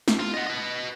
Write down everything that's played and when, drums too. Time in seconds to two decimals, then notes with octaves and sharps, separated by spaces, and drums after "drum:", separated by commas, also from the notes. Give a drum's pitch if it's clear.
0.08 drum: snare
0.20 F4
0.34 D#5 F#5
0.47 B4 D#5